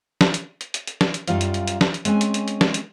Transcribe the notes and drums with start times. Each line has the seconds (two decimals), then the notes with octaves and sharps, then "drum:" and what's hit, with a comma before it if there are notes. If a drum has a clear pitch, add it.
0.21 drum: snare
0.34 drum: hi-hat
0.61 drum: hi-hat
0.74 drum: hi-hat
0.87 drum: hi-hat
1.01 drum: snare
1.14 drum: hi-hat
1.27 F#2 G3 D#4 F4 D5 F5, drum: hi-hat
1.41 drum: hi-hat
1.54 drum: hi-hat
1.68 drum: hi-hat
1.81 drum: snare
1.94 drum: hi-hat
2.05 G#3 C4 C#4 G#5, drum: hi-hat
2.21 drum: hi-hat
2.34 drum: hi-hat
2.48 drum: hi-hat
2.61 drum: snare
2.74 drum: hi-hat